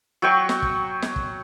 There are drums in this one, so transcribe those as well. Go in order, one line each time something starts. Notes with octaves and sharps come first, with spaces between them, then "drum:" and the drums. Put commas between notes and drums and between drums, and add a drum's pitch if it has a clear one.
F#3 G5 C#6
drum: snare
drum: kick
drum: snare
drum: kick